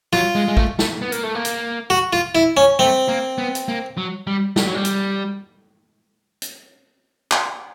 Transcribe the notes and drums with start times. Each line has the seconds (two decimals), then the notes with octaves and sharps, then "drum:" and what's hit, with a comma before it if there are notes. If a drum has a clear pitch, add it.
0.13 F#3 F4
0.35 G#3
0.48 G#3
0.57 A3, drum: kick
0.79 A3, drum: snare
1.02 B3
1.12 A#3, drum: hi-hat
1.24 A3
1.35 A#3
1.45 drum: hi-hat
1.90 F#4
2.13 F4
2.35 E4
2.57 C#4
2.79 A3 C4
3.08 A#3
3.38 B3
3.55 drum: hi-hat
3.68 A#3
3.98 F#3
4.27 G3
4.56 G3, drum: snare
4.65 F#3
4.74 G3
4.85 drum: hi-hat
6.42 drum: hi-hat
7.32 drum: clap